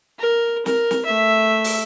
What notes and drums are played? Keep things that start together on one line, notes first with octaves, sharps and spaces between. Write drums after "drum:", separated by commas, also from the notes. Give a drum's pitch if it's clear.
A#4
A#4, drum: snare
drum: snare
A3 E5
drum: open hi-hat